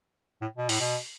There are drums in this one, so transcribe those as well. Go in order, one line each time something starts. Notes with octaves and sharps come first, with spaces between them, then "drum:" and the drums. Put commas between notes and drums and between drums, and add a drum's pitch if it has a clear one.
A2
B2
A2, drum: open hi-hat
B2